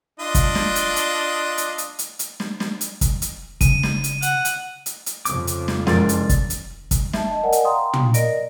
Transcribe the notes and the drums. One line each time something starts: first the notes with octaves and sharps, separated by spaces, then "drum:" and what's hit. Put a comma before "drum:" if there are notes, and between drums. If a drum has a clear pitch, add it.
D4 F4 D#5
drum: kick, hi-hat
drum: snare
drum: hi-hat
drum: hi-hat
drum: hi-hat
drum: hi-hat
drum: hi-hat
drum: hi-hat
drum: snare
drum: snare
drum: hi-hat
drum: kick, hi-hat
drum: hi-hat
C#3 D#7, drum: kick, hi-hat
drum: snare
drum: hi-hat
F#5, drum: hi-hat
drum: hi-hat
drum: hi-hat
drum: hi-hat
F2 C#3 D6, drum: hi-hat
drum: hi-hat
drum: snare
F#1 F3 G#3 F4 A#4 D5 A6, drum: snare
drum: hi-hat
drum: kick, hi-hat
drum: hi-hat
drum: kick, hi-hat
E5 A5, drum: snare
D#5 A5
A#4 D5 D#5 F#5 G#5
drum: hi-hat
F5 G5 A#5 C6 D#6
drum: tom
A#4 D5 D#5 A#6 D7, drum: hi-hat